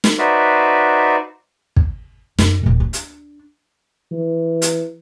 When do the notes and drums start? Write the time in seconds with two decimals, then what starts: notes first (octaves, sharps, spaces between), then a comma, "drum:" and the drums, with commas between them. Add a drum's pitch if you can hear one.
0.04 drum: snare
0.18 D#4 F#4 B4 C5 D5 E5
1.76 drum: kick
2.38 F#2, drum: snare
2.63 D#1 D#3
2.80 D4
2.93 drum: hi-hat
4.12 E3
4.62 drum: hi-hat